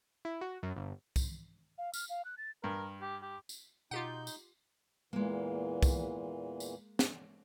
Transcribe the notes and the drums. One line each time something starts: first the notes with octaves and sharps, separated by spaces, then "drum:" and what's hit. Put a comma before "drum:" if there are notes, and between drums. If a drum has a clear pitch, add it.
E4
F#4
F#2
G1
drum: kick C2, tambourine
F5
F6, drum: tambourine
F5
F#6
A6
G2 A#4
G4
G4
drum: tambourine
B2 D#4 F4 G4 F#5 G6
drum: tambourine
E2 A#2 E3 G#3 A#3
drum: kick C2, tambourine
drum: tambourine
drum: snare